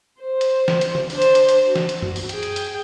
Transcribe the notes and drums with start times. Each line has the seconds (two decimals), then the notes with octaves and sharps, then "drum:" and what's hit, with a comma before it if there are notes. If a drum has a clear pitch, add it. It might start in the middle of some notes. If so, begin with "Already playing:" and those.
0.20 C5
0.41 drum: hi-hat
0.68 drum: snare
0.81 drum: hi-hat
0.95 drum: tom D3
1.10 D4 C5, drum: open hi-hat
1.22 drum: hi-hat
1.35 drum: hi-hat
1.49 drum: hi-hat
1.65 F#4
1.76 drum: snare
1.89 drum: hi-hat
2.02 drum: tom F#2
2.16 drum: open hi-hat
2.29 G#4 G5, drum: hi-hat
2.43 drum: hi-hat
2.56 drum: hi-hat